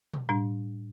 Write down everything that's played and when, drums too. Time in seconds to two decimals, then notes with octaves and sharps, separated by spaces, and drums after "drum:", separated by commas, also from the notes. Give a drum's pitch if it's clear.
0.13 drum: tom B2
0.29 A2 G3 D4